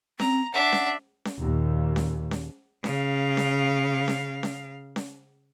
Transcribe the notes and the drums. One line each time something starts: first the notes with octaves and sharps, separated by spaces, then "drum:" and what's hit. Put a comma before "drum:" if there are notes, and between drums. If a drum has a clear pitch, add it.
C4 A#5, drum: snare C#4
D4 E5 F#5
drum: snare C#4
drum: snare C#4
D#2 A#2
drum: snare C#4
drum: snare C#4
C#3 F5, drum: snare C#4
drum: snare C#4
drum: snare C#4
drum: snare C#4
drum: snare C#4